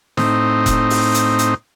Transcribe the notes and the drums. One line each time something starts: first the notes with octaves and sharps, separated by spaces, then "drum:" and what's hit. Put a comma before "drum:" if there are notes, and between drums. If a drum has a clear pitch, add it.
A2 C4 D#4, drum: snare
drum: kick E1, hi-hat
drum: open hi-hat
drum: hi-hat
drum: hi-hat